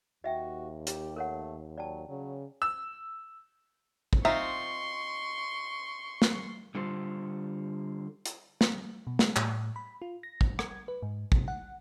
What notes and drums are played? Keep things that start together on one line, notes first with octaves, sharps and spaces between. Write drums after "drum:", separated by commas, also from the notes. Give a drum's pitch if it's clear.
D#2 F#4 D#5 E5 G5
G4, drum: hi-hat
A3 A#4 C#5 F#5
F#3 D5 G5 A5
C#3 F#3
E6
drum: kick
C4 D#4 F4 E5 C6 C#6
drum: snare
D3 G3 F4 A4 C5
drum: hi-hat
drum: snare
B2
G#3, drum: snare
A2, drum: clap
B5
F4
A#6
drum: kick
G#6, drum: rim click
B4
G#2
C3, drum: kick
F#5